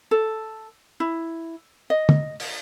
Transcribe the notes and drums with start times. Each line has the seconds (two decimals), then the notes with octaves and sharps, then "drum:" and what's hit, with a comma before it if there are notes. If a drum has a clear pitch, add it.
0.11 A4
1.00 E4
1.90 D#5
2.09 drum: tom
2.40 drum: open hi-hat